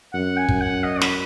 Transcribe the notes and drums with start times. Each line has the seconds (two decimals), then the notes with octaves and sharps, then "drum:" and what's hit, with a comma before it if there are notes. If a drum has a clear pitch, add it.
0.13 F#2 F#5
0.37 G#5
0.49 F#2, drum: kick
0.61 F#5
0.84 D#5
1.02 B4, drum: snare